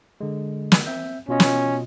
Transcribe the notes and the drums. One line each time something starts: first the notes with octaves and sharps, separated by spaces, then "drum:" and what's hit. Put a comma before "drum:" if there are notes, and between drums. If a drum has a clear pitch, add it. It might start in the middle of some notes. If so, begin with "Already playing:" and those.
D3 G#3
drum: snare
C4 E5 G6
B2 C#4 F4 D#5
drum: snare